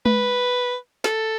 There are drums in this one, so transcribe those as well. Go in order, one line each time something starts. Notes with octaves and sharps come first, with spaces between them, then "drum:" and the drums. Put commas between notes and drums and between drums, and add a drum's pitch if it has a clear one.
B4, drum: tom G#3
A4, drum: snare